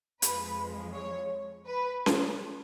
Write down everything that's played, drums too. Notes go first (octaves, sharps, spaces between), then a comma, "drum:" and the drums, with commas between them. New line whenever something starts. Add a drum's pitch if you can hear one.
F2 F3 G#3 B4, drum: hi-hat
C#5
B4
drum: snare C#4